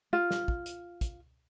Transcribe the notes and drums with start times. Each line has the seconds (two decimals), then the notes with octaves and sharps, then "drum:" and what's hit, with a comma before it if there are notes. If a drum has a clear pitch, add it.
0.13 F4
0.31 drum: snare
0.48 drum: kick
0.66 drum: hi-hat
1.01 drum: kick, hi-hat